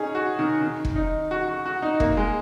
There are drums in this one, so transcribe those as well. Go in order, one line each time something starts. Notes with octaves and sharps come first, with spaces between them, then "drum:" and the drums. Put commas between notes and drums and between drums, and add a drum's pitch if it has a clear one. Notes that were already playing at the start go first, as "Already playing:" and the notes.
Already playing: C#4 D#4 G#4
F#4
D#3
D#3
drum: kick
D#4
F#4
F#4
F#4
D#4
A#3, drum: kick
G#3